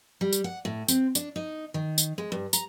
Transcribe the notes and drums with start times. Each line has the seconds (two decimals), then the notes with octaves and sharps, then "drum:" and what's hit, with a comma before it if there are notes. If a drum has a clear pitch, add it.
0.21 G3
0.33 drum: tambourine
0.44 F#5
0.65 A2
0.88 C4, drum: tambourine
1.15 D4, drum: tambourine
1.36 D#4
1.74 D#3
1.98 drum: tambourine
2.18 G#3
2.32 G2
2.53 A#5, drum: tambourine